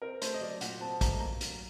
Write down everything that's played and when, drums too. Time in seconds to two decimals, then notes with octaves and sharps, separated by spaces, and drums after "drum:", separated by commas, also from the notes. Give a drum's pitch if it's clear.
0.02 C4 A#4
0.22 A3 C5, drum: hi-hat
0.34 D#5
0.41 F#3 D5
0.61 A#2 F#5, drum: hi-hat
0.81 C4 A5
1.01 A3 A#5, drum: kick, hi-hat
1.20 A#3 A#5
1.41 F#3, drum: hi-hat